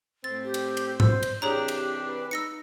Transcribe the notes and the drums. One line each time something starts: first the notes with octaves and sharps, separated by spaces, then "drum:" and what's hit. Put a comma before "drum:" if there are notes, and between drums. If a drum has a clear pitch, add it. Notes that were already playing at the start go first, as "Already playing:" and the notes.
A2 C4 A6
G4
drum: cymbal
drum: cymbal
C5 E6, drum: tom G#2
drum: cymbal
C3 E3 D4 G4 G#4 C#5 A#5
drum: cymbal
B4
D#4 E6 A#6 C#7